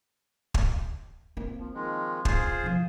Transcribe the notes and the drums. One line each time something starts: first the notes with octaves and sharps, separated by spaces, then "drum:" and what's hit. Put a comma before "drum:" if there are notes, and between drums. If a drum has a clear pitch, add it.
drum: kick
A#3 C4
F3
D#3 F3 G#3
F4 G#4 C5, drum: kick
C#3 F3